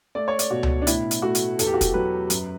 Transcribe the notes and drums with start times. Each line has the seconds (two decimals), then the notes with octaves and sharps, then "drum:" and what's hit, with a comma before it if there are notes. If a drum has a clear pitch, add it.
0.15 A3 D5
0.28 C#5
0.39 D5, drum: hi-hat
0.50 B2 F#4
0.63 drum: tom C#2
0.82 D4
0.87 A2 E4, drum: hi-hat
1.11 drum: hi-hat
1.22 A3 F#4
1.35 drum: hi-hat
1.59 E2 A4, drum: hi-hat
1.67 G4
1.74 F#4
1.81 G4, drum: kick, hi-hat
1.94 F#3 B4
2.30 F#2, drum: hi-hat